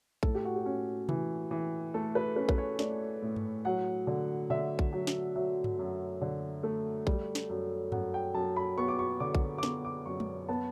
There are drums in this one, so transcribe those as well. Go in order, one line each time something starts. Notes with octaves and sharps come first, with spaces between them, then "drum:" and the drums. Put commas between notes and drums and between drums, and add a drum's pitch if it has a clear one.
A2 A4, drum: kick A#1
G4
F#4
G4
C#4
E3, drum: tom C3
E3
A3 A4
B4
C#4 B4
B4, drum: kick A#1
C#5
A3 D5, drum: snare
A2
drum: tom G2
F#3 F#5
D3
D3 E5
drum: kick A#1
F#3
drum: snare
F#3 E5
drum: tom G2
F#2
D3
A3
G3, drum: kick A#1
drum: snare
F#2
F#2 F#5, drum: tom G2
G5
F#2 A5
B5
B3 C#6
D6
C#6
D3 D6
drum: kick A#1
D6
B3 C#6, drum: snare
D6
F#2 C#6
drum: tom
B3 A5